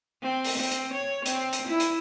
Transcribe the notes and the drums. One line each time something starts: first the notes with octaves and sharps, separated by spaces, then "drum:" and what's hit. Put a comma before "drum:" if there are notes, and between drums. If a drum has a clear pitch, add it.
C4
drum: open hi-hat
C4
drum: hi-hat
C#5
C4, drum: hi-hat
drum: hi-hat
E4
drum: hi-hat